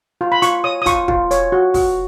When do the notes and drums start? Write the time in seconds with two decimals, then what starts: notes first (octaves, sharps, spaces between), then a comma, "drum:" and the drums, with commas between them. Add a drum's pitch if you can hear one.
0.21 F4
0.32 B5
0.42 F4 C#6, drum: hi-hat
0.64 C#5 D#6
0.82 D#6
0.86 F4 C#6, drum: kick, hi-hat
1.08 F4, drum: kick
1.31 C#5, drum: hi-hat
1.52 F#4
1.74 F#4, drum: kick, open hi-hat